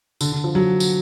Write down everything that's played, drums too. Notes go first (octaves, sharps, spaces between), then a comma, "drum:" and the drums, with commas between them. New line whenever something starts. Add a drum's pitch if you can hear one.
D3, drum: tambourine
D3
F3
F#3
drum: tambourine